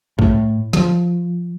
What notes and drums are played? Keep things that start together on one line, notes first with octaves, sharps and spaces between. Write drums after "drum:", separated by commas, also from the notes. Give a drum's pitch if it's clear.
A2, drum: kick
F3, drum: snare